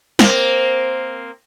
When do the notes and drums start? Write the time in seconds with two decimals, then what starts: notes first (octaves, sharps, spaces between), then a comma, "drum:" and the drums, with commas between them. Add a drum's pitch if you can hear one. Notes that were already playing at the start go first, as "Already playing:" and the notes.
0.19 A#3 C4, drum: snare